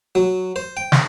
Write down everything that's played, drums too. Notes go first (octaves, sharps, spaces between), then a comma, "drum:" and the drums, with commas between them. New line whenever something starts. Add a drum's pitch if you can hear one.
F#3
C5
G5
drum: snare